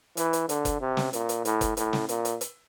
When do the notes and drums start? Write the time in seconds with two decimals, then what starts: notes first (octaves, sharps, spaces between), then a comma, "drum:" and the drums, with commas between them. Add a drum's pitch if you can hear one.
0.17 E3, drum: hi-hat
0.33 drum: hi-hat
0.49 D3, drum: hi-hat
0.65 drum: kick F#1, hi-hat
0.81 C3
0.97 drum: snare
1.13 A#2, drum: hi-hat
1.29 drum: hi-hat
1.45 A2, drum: hi-hat
1.61 drum: kick F#1, hi-hat
1.77 A2, drum: hi-hat
1.93 drum: snare
2.09 A#2, drum: hi-hat
2.25 drum: hi-hat
2.41 drum: hi-hat